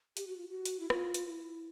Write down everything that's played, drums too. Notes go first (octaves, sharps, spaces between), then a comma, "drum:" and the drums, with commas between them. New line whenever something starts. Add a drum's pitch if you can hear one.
G4, drum: hi-hat
F#4
F4
F#4
drum: hi-hat
E4
F4, drum: rim click
drum: hi-hat
F4
E4